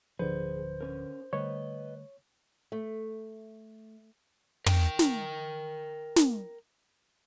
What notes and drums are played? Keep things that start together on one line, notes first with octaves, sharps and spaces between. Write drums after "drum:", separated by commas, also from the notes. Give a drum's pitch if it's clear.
D1 D3 F3 G#4 B4 C5
C#4 A#4
D3 G3 A3 B4 C#5 D#5
A3
A#4 G5, drum: tom
drum: snare
drum: snare